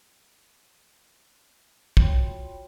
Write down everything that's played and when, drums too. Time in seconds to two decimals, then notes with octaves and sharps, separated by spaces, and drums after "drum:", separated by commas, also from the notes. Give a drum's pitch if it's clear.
1.97 F4 F#4 C#5 G5 B5 C6, drum: kick